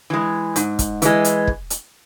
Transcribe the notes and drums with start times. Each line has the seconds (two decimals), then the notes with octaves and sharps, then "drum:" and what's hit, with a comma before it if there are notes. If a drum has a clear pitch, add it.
0.10 E3 G#3
0.56 G#2, drum: hi-hat
0.79 drum: kick, hi-hat
1.02 E3 G#3, drum: hi-hat
1.25 drum: hi-hat
1.47 drum: kick
1.70 drum: hi-hat